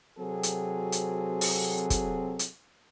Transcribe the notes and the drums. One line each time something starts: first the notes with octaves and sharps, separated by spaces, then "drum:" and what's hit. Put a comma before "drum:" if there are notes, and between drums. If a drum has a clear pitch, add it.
C3 F#3 C4 F#4 G#4 A4
drum: hi-hat
drum: hi-hat
drum: open hi-hat
drum: kick, hi-hat
drum: hi-hat